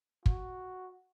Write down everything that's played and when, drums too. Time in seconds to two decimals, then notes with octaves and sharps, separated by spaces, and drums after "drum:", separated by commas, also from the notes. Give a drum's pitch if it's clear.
0.26 F#4, drum: kick